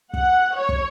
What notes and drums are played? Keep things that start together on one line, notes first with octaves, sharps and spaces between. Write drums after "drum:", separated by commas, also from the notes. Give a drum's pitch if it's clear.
F#5, drum: kick
C#5
drum: kick